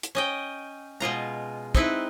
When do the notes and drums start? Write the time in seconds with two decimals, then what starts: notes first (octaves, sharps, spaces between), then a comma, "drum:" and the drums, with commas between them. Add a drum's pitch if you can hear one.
0.03 drum: hi-hat
0.15 C#4 D#5 G5
1.00 B2 G#3 F4 A#5
1.75 C4 D#4 E4 B4, drum: kick